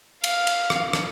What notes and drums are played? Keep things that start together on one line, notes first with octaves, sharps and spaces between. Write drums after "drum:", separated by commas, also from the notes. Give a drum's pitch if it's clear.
F5, drum: cymbal
drum: cymbal
drum: rim click
drum: rim click